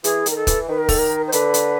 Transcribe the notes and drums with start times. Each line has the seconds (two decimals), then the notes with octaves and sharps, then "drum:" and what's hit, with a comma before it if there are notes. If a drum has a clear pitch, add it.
0.04 E3 G#4, drum: hi-hat
0.26 D#3, drum: hi-hat
0.31 A#4
0.36 A4
0.47 E3, drum: kick, hi-hat
0.68 D#3 B4
0.78 A#4
0.89 A4, drum: kick, open hi-hat
0.98 A#4
1.27 C5
1.32 D3 B4, drum: hi-hat
1.54 drum: hi-hat